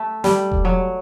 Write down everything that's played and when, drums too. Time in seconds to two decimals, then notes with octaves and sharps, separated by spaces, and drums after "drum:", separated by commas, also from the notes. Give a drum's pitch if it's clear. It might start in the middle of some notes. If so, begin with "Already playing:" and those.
Already playing: A3
0.24 G3, drum: snare
0.52 drum: kick E1
0.65 F#3